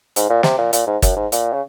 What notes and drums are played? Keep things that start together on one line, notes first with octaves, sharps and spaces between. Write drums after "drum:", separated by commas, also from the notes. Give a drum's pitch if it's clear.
G#2, drum: hi-hat
A#2
C3, drum: snare
A#2
A#2, drum: hi-hat
G#2
F#2, drum: kick, hi-hat
G#2
A#2, drum: hi-hat
C#3